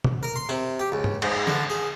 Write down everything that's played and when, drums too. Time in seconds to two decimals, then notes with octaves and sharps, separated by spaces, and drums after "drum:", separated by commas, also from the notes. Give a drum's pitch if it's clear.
0.04 drum: tom
0.23 A#4
0.36 C6
0.49 C3, drum: tambourine
0.80 G4
0.92 C#2
1.04 drum: tom
1.22 G#2, drum: cymbal
1.47 D3, drum: snare
1.70 G#4